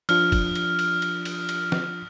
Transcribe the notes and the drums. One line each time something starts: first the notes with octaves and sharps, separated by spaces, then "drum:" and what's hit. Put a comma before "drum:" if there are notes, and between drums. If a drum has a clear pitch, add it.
F3 D4 F4 F6, drum: cymbal
drum: kick, cymbal
drum: cymbal
drum: cymbal
drum: cymbal
drum: cymbal
drum: cymbal
drum: snare